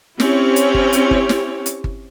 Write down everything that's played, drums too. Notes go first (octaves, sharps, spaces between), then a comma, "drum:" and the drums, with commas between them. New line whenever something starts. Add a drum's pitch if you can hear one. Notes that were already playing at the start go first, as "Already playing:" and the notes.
C4 C#4 E4 G4 C#5, drum: snare
drum: hi-hat
drum: kick G1
drum: hi-hat
drum: kick G1
drum: snare
drum: hi-hat
drum: kick G1